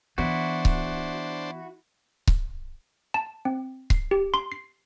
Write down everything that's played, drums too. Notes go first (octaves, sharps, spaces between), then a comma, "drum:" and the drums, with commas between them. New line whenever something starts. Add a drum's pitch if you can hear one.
E3 B3 D4 E4 F#4 C5
drum: kick C#1
drum: kick C#1
A5
C4
C7, drum: kick C#1
G4
C6
C7